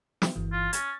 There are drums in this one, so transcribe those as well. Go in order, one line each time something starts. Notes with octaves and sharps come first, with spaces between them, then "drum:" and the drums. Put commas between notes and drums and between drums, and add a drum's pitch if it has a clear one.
drum: snare
G1 E3
F4
C#4 A6, drum: hi-hat